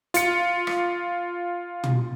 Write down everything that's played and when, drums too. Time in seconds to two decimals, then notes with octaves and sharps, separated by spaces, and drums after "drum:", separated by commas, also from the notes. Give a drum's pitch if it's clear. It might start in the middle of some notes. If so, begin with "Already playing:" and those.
0.14 F4 C#7, drum: hi-hat
0.67 drum: rim click
1.84 drum: tom